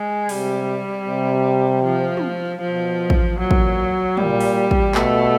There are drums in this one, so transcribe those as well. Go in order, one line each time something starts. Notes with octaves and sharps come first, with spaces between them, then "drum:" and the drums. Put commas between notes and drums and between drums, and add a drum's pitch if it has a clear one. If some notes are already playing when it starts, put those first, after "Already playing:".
Already playing: G#3
C3 G3, drum: open hi-hat
C3
F3
drum: tom
B2 F3
drum: kick
A#2 F#3
drum: kick
A#2 G3, drum: tom
drum: open hi-hat
drum: kick
B2 A3, drum: clap